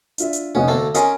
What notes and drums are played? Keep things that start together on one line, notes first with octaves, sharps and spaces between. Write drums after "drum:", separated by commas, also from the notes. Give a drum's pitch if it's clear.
D4 F4 E5, drum: hi-hat
drum: hi-hat
F1 B3 C#4 D#5
D2 A3 A#3 A5
C#4 F4 A#4 D#5 G#5, drum: hi-hat